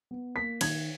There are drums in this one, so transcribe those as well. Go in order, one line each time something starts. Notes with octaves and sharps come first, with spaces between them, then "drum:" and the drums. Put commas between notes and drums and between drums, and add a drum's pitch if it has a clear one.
B3
A#3 B6
D#3 G#6, drum: cymbal